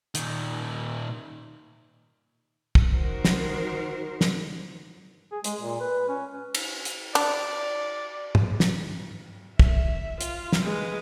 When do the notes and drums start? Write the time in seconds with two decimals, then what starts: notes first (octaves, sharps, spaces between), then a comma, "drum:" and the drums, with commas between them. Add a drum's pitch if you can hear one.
0.15 A#2 D#3, drum: hi-hat
2.75 drum: kick
2.90 D#3 F#4 A#4 C5
3.25 drum: snare
4.21 drum: snare
5.32 G#4
5.44 G#3, drum: hi-hat
5.61 A#2
5.80 B4
6.08 C#4
6.55 drum: cymbal
6.85 drum: hi-hat
7.15 D4 D5, drum: cymbal
8.35 drum: tom
8.60 drum: snare
9.59 E5, drum: kick
10.21 F4, drum: hi-hat
10.52 drum: snare
10.63 G#3 B4